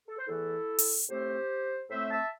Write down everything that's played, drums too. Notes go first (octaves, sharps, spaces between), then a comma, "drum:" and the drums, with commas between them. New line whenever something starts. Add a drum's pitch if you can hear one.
A4
C5
E2 E3 A3 E4 A4
drum: open hi-hat
A2 A3 C4 G4 C5
A2 A3 C4 C5 E5
E5 A5